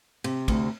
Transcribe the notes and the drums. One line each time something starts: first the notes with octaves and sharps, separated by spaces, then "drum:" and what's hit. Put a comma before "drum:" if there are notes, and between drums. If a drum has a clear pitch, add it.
C3, drum: cymbal
D2, drum: kick, cymbal